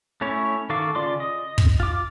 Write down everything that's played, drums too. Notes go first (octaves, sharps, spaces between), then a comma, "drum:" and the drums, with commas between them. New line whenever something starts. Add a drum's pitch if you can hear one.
A3 C#4 E4 C#5
D#3 F#4 A4 F5 D6
C#3 F4 D5 C6 D6
D#5
drum: kick
F4 D6